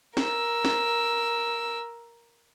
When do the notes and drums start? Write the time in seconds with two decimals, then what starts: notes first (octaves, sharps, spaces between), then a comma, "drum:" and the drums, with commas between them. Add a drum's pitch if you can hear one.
0.17 A#4 E6, drum: snare
0.65 drum: snare